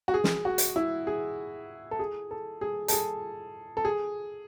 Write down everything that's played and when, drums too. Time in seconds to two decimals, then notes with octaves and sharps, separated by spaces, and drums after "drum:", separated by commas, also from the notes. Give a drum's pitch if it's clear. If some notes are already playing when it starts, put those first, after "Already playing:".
0.08 F#4
0.14 G#4
0.24 drum: snare
0.45 F#4
0.58 drum: hi-hat
0.76 E4
1.07 G#4
1.91 A4
1.99 G#4
2.31 A4
2.61 G#4
2.88 A4, drum: hi-hat
2.93 G#4
3.77 A4
3.85 G#4